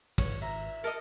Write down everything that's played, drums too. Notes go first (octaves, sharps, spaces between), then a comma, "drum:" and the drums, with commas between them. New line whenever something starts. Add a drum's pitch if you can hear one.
G#1 C#5, drum: kick, cymbal
E5 A#5
A4 A#4 D#5